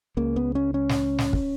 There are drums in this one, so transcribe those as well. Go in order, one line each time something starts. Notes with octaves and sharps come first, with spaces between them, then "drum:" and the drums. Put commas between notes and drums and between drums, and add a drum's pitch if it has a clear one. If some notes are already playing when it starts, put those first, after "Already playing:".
C#2 C#3 A#3
B3
C#4
C#4
drum: snare
drum: snare
drum: kick